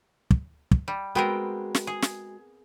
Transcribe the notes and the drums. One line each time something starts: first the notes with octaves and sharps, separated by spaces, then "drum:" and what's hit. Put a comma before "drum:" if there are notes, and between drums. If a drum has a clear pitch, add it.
drum: kick
drum: kick
G3
G#3 B3 C4 F#4 A#4 G5
drum: snare
G#4
drum: snare